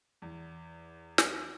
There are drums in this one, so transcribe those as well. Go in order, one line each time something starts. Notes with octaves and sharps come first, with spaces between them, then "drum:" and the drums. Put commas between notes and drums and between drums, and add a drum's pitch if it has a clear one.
E2
drum: snare